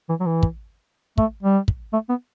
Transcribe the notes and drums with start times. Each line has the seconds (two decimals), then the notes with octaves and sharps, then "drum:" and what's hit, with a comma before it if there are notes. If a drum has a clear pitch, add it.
0.09 E3
0.20 F#3
0.26 E3
0.43 drum: kick
1.18 A3, drum: kick
1.43 G3
1.68 drum: kick
1.93 A3
2.09 B3